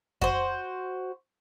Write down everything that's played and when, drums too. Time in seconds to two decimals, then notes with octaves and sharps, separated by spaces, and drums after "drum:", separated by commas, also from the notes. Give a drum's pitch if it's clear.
0.22 F#4 C5, drum: kick F2